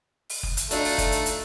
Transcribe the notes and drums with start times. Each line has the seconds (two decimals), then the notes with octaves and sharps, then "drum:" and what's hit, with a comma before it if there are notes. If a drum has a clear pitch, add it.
0.29 drum: open hi-hat
0.43 drum: kick F#1
0.57 drum: hi-hat
0.71 F3 A3 D4 D#4, drum: hi-hat
0.84 drum: open hi-hat
0.98 drum: kick F#1, hi-hat
1.12 drum: hi-hat
1.26 drum: hi-hat